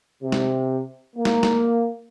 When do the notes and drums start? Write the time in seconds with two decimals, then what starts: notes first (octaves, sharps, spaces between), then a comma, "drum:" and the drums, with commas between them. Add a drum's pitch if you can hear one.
0.22 C3
0.32 drum: snare
1.16 A#3
1.25 drum: snare
1.43 drum: snare